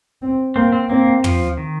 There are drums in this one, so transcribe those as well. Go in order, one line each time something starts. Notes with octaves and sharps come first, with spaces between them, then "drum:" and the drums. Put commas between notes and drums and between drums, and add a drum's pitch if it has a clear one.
C4
A#3 C4
C4
A#3 C4
F3, drum: tom
D#3